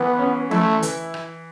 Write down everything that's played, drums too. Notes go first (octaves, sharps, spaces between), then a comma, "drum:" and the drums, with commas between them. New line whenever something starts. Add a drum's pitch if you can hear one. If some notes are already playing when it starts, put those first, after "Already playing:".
Already playing: E3 B3
C#4
A3 E4, drum: tom E3
E3, drum: hi-hat
drum: rim click